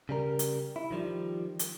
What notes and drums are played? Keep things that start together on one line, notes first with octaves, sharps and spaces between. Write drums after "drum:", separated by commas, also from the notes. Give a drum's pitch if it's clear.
C#3 G3 A#4
drum: hi-hat
E4
D#3 F3 G3
drum: hi-hat